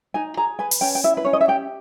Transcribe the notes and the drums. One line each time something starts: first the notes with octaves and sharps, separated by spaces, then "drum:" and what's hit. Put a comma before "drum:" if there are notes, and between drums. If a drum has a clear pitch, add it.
D#4 G#5
G#4 A#5
B4 G#5
drum: open hi-hat
C#4 G5
G5
E4 E5
B4
C#4 C#5
D#5
E5
G4 G5